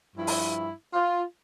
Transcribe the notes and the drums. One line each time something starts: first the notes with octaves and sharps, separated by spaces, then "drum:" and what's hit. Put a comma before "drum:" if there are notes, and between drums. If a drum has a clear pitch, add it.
G2 F3 E4
drum: open hi-hat
F4